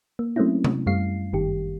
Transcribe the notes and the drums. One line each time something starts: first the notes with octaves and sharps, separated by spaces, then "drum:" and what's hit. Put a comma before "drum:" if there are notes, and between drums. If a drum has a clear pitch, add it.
A#3
F#3 A3 A#3 C4 C#4 E4
drum: tom
F#2 G3 A3 F5 C7
G1 D#3 G4